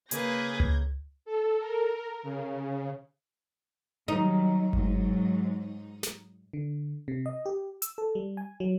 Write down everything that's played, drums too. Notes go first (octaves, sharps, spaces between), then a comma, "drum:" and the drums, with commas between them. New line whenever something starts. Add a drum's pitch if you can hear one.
C#3 A#3 G#4 B4 G6 G#6 A#6, drum: hi-hat
drum: tom C#2
A4
A#4
C#3
D#3 F#3 G3 D#4
G#2 F#3, drum: kick G1
drum: snare
D3
C3
D#5
G4
E6, drum: hi-hat
A4
G3
G#5
F#3